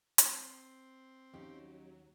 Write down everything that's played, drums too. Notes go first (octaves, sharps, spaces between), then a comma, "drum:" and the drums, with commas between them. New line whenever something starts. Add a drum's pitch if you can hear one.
C4, drum: hi-hat
D#2 F#3 C#4 D#4 G4